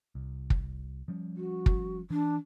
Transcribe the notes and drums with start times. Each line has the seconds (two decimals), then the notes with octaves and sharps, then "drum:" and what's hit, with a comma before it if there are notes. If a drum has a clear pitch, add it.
0.15 C2
0.50 drum: kick
1.08 F3 G3 C#4
1.37 F#4
1.66 drum: kick
2.10 E3 D4